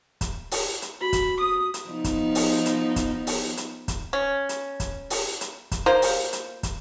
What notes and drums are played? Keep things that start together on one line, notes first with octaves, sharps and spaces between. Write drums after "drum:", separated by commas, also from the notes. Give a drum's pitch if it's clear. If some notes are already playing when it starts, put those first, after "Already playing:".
drum: kick, hi-hat
drum: open hi-hat
drum: hi-hat
F#4 B5
drum: kick, hi-hat
D#6
drum: hi-hat
F3 B3 D#4
drum: kick, hi-hat
drum: open hi-hat
drum: hi-hat
drum: kick, hi-hat
drum: open hi-hat
drum: hi-hat
drum: kick, hi-hat
C#4
drum: hi-hat
drum: kick, hi-hat
drum: open hi-hat
drum: hi-hat
drum: kick, hi-hat
A#3 F4 A#4 C5
drum: open hi-hat
drum: hi-hat
drum: kick, hi-hat